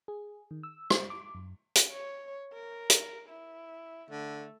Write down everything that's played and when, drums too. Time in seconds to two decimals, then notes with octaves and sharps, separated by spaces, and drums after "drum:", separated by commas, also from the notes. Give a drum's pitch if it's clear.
0.08 G#4
0.51 D#3
0.63 E6
0.90 C5, drum: rim click
1.10 D6
1.35 F#2
1.75 drum: hi-hat
1.92 C#5
2.53 A#4
2.90 drum: hi-hat
3.29 E4
4.11 D3 A3